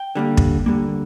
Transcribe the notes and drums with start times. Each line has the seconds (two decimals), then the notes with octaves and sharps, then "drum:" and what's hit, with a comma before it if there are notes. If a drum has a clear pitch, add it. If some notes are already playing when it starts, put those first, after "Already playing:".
Already playing: G5
0.15 D3 G3 A#3
0.37 drum: kick
0.66 D3 G3 A#3